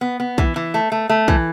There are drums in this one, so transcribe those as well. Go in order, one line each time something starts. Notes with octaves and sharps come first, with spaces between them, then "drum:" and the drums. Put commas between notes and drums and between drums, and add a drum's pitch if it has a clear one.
B3
B3
E3, drum: kick
E3
A3
A3
A3
E3, drum: kick